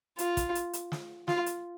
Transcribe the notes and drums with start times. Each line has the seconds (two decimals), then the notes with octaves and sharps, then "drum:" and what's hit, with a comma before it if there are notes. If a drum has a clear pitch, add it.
0.18 F4, drum: hi-hat
0.37 drum: kick, hi-hat
0.55 drum: hi-hat
0.73 drum: hi-hat
0.92 drum: snare
1.28 F4, drum: snare
1.46 drum: hi-hat